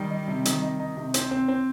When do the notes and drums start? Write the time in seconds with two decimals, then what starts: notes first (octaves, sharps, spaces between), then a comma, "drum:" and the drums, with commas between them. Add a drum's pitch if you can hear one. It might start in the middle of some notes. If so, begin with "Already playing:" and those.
Already playing: D#3 G3 D#4
0.10 D#4
0.28 C3
0.45 D#3, drum: hi-hat
0.62 D#4
0.79 D#4
0.97 C3
1.14 C4, drum: hi-hat
1.31 C4
1.48 C4